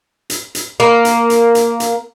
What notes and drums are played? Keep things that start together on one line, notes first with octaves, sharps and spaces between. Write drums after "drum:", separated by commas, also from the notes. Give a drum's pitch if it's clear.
drum: hi-hat
drum: hi-hat
A#3
drum: hi-hat
drum: hi-hat
drum: hi-hat
drum: hi-hat